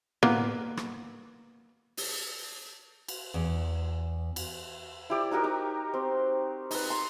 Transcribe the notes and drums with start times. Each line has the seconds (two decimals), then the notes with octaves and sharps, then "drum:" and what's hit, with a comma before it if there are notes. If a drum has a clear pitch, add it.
0.23 A#3 B3, drum: tom A2
0.77 drum: rim click
1.97 drum: open hi-hat
3.08 drum: cymbal
3.34 E2
4.36 drum: cymbal
5.10 E4 G4 D5
5.31 D#4 F#4 G4 A#4
5.44 D#4
5.94 C4
6.71 D#4 B4, drum: open hi-hat
6.90 C6